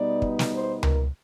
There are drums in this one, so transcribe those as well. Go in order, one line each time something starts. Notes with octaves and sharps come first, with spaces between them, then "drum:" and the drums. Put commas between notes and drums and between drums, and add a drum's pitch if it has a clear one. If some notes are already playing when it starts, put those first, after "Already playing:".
Already playing: B2 G3 B3 D#4 D5
drum: kick
drum: snare
C5
A#4, drum: tom C#2